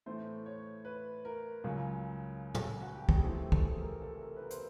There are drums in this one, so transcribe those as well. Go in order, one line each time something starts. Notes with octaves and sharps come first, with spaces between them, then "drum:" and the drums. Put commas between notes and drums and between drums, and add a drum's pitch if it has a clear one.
A2 E3 A3 C5
C#5
B4
A#4
C#2 C#3 F#3
drum: tom
F#4
G4
G#4, drum: kick
C3 E3 A3 C4 A4
A4, drum: kick
G#4
A#4
A4
A#4
B4
A#4
C5, drum: hi-hat